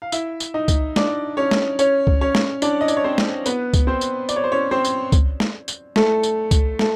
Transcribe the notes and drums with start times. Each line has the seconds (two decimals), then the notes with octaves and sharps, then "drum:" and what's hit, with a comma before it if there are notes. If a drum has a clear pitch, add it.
0.02 F5
0.12 E4 E5, drum: tambourine
0.40 drum: tambourine
0.54 D#4 D#5
0.68 drum: kick C#2, tambourine
0.96 D4 D5, drum: snare
1.37 C#4 C#5
1.51 drum: snare
1.79 C#4 C#5, drum: tambourine
2.07 drum: kick C#2
2.21 C#4 C#5
2.35 drum: snare
2.62 D4 D5, drum: tambourine
2.81 D#5
2.88 D5, drum: tambourine
2.97 C#5
3.04 C4 C5
3.18 drum: snare
3.46 B3 B4, drum: tambourine
3.74 drum: kick C#2, tambourine
3.87 C4 C5
4.01 drum: tambourine
4.29 D5, drum: tambourine
4.36 C#5
4.44 C5
4.52 C#4 C#5
4.71 C4 C5
4.85 drum: tambourine
5.12 drum: kick C#2, tambourine
5.40 drum: snare
5.68 drum: tambourine
5.96 A3 A4, drum: snare
6.23 drum: tambourine
6.51 drum: kick C#2, tambourine
6.79 A3 A4, drum: snare